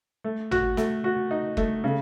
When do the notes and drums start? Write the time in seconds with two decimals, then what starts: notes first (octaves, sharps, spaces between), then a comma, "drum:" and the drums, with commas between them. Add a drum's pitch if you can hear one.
0.24 A3
0.51 F#4, drum: tom
0.77 A3, drum: snare
1.04 F#4
1.31 D#4
1.57 A3, drum: kick F#1
1.84 C#3